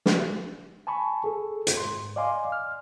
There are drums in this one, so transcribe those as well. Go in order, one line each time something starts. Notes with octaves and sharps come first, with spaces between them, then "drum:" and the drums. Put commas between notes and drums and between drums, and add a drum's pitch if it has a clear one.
drum: snare
G#5 A5 B5 C#6
G#4 A4
drum: hi-hat
G#2 C6
D5 D#5 F5 G#5 C6 D6
F6